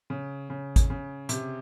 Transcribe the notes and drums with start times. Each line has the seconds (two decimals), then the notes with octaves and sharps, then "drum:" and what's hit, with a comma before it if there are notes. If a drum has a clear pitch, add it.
0.10 C#3
0.50 C#3
0.76 drum: kick G#1, hi-hat
0.90 C#3
1.29 C3, drum: hi-hat